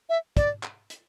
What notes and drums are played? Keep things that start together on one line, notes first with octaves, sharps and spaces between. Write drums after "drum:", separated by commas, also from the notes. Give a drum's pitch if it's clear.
E5
D5, drum: kick, hi-hat
drum: clap
drum: hi-hat